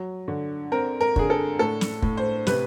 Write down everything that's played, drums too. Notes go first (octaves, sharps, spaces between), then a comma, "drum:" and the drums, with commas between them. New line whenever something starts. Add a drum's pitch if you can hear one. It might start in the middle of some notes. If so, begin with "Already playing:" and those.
Already playing: F#3
D3
C4 A#4
A#4
D3 G#4, drum: kick
A4
A2 A4
drum: snare
A2, drum: kick
C5
C3 B4, drum: snare